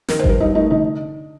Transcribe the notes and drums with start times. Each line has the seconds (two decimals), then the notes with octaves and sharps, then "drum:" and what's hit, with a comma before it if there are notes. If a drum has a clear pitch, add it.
0.08 D#3 A#4, drum: snare
0.19 C5
0.24 G2 A#4, drum: kick G1
0.40 G2 D#4
0.55 A3 D#4
0.70 D3 D#4